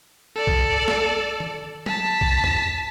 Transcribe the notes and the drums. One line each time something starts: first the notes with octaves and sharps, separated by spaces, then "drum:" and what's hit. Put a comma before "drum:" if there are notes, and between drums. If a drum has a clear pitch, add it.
A4 D5
drum: kick B1
drum: snare
drum: tom D#3
A5 B6, drum: tom F#3
drum: kick B1
drum: tom E2